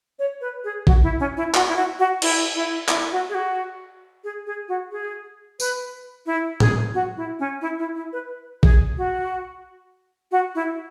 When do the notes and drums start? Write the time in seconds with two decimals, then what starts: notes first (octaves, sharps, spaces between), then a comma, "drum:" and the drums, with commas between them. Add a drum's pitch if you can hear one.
0.19 C#5
0.41 B4
0.64 G#4
0.87 F#4, drum: kick A#1
1.03 E4
1.20 C#4
1.37 E4
1.54 F#4, drum: clap
1.68 E4
1.76 F#4
1.99 F#4
2.22 E4, drum: cymbal
2.55 E4
2.89 E4, drum: clap
3.12 F#4
3.29 G#4
3.35 F#4
4.24 G#4
4.47 G#4
4.68 F#4
4.92 G#4
5.60 B4, drum: tambourine
6.26 E4
6.60 G#4, drum: tom A2
6.94 F#4
7.17 E4
7.39 C#4
7.62 E4
7.79 E4
7.95 E4
8.13 B4
8.63 G#4, drum: kick A#1
8.97 F#4
10.32 F#4
10.55 E4